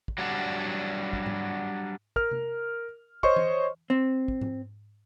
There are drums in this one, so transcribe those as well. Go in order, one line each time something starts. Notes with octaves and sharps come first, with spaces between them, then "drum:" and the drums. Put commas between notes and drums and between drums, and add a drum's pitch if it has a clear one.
drum: kick
F#3 G3 D4 F#4
drum: kick
drum: tom G#2
A#4 F6, drum: kick
drum: tom C3
C5 C#5 D#5 C6 C#6, drum: kick
drum: tom E3
C4
drum: kick
drum: tom G#2